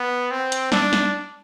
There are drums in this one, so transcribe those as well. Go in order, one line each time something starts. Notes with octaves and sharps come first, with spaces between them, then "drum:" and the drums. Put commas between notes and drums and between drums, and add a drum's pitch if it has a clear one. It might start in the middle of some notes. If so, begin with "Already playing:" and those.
Already playing: B3
C4
drum: hi-hat
D4, drum: snare
drum: snare